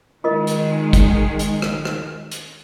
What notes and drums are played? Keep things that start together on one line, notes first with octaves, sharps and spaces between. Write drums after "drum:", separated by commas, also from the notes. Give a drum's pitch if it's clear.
D#3 G#3 F4 A#4 D#5
drum: hi-hat
drum: kick, hi-hat
drum: hi-hat
drum: rim click
drum: rim click
drum: hi-hat